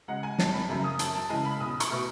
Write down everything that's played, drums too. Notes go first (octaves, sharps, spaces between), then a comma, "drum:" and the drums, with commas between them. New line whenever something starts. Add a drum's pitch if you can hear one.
C#3 G#3 F#5
G#5
G#1 A5, drum: snare
B5
F#2 C#3 F#3 A3
D#6
F#2 A5, drum: hi-hat
A5
C#3 E3 G#3 G#5
B5
B1 D#6
C#6, drum: hi-hat
B2 A3